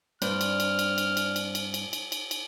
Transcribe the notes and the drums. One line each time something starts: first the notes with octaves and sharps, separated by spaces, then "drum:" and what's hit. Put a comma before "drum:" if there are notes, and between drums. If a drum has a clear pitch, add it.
G2 C4 D5 F6, drum: cymbal
drum: cymbal
drum: cymbal
drum: cymbal
drum: cymbal
drum: cymbal
drum: cymbal
drum: cymbal
drum: cymbal
drum: cymbal
drum: cymbal
drum: cymbal